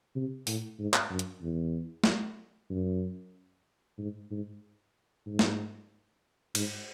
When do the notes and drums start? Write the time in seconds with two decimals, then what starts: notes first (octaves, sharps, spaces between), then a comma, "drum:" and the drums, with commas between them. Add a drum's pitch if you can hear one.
0.16 C3
0.47 A2, drum: open hi-hat
0.79 G#2
0.94 drum: clap
1.10 F#2
1.19 drum: hi-hat
1.42 E2
2.04 drum: snare
2.70 F#2
3.98 G#2
4.31 G#2
5.27 G#2
5.39 drum: snare
6.55 G#2, drum: cymbal